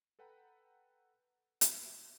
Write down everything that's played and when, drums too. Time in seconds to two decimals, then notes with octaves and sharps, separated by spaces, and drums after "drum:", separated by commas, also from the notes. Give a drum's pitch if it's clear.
0.19 A4 B4 F#5 G5 A#5 B5
1.61 D#2, drum: hi-hat